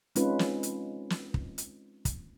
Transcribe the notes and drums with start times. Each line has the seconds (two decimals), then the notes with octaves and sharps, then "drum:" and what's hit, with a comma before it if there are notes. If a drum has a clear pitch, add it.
0.16 G#3 C4 C#4 D#4 F4 B4, drum: hi-hat
0.39 drum: snare
0.63 drum: hi-hat
1.10 drum: snare
1.34 drum: kick
1.58 drum: hi-hat
2.05 drum: kick, hi-hat